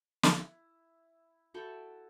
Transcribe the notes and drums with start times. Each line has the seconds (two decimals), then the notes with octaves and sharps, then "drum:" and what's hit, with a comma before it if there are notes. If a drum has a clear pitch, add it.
0.23 E4, drum: snare
1.54 E4 F#4 A4 G5